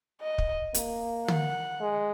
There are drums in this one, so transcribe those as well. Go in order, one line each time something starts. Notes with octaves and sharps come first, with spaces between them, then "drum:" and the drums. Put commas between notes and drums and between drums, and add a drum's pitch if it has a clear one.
D#5
drum: kick
A#3, drum: hi-hat
F#5, drum: tom
G#3